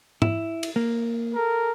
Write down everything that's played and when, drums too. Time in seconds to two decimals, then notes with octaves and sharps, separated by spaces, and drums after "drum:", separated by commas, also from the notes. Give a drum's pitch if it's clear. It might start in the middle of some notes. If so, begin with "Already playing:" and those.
0.22 E4, drum: tom G#2
0.63 drum: cymbal
0.76 A#3
1.34 A4 A#4